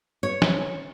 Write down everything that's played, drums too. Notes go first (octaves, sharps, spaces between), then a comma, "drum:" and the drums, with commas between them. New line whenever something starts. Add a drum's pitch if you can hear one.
C#5
drum: snare